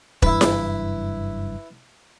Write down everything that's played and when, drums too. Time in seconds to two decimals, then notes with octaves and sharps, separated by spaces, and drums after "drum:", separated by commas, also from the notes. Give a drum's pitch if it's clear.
0.22 F#1 G2 E3 E4 B4, drum: kick E1
0.41 drum: snare E4